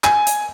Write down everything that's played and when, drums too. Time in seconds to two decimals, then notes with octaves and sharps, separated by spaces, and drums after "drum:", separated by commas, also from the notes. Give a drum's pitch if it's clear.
0.04 G#5, drum: clap
0.27 drum: hi-hat